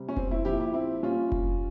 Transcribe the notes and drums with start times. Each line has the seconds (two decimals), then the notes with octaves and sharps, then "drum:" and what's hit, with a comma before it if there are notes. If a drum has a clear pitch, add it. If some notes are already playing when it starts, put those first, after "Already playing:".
Already playing: C3 G3
0.09 C#4
0.17 C4, drum: kick F1
0.31 C4 E4
0.45 A#2 F3 E4 G4
0.60 E4 G4
0.74 C4 E4
1.03 A#2 G3 C#4 F4
1.32 drum: kick F1